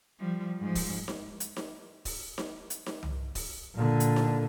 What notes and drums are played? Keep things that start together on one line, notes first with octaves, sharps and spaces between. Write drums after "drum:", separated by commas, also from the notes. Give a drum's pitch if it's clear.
F3 G3
G#2 F3
drum: kick D#1, open hi-hat
drum: snare D#4
drum: hi-hat
drum: snare D#4
drum: kick D#1, open hi-hat
drum: snare D#4
drum: hi-hat
drum: snare D#4
drum: tom C2
drum: kick D#1, open hi-hat
A#2 D3
drum: hi-hat
drum: snare D#4